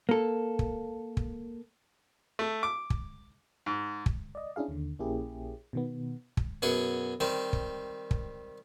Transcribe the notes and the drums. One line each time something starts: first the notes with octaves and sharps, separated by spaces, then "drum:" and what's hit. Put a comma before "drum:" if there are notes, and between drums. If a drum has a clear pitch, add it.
A#3 A4
drum: kick
drum: kick
A3
D6
drum: kick
G#2
drum: kick
D5 D#5
C#4 D4 E4 G#4 F5
D#2 D3
A#1 A#3 C#4 E4 G4 G#4
B2 D#3 B3
drum: kick
F#2 B2 G#4 F#5
D#3 G3 C4
drum: kick
drum: kick